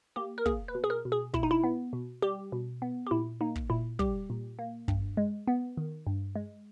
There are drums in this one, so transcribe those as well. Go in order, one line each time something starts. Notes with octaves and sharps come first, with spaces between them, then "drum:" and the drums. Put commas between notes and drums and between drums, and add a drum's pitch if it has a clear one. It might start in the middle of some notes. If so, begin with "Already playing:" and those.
A#3 G4
A#4
A#3 G#4, drum: kick
B4
B2
G#4
A#4
B2
G#4
B2 E4, drum: kick
D#4
E4
B3
B2
G3 G4
B2
B3
G4
A#2 E4
A#3 D#4
drum: kick
A#2 E4
G3 G4, drum: kick
A#2
A#3
G2, drum: kick
G#3
B3
D#3
G2
G#3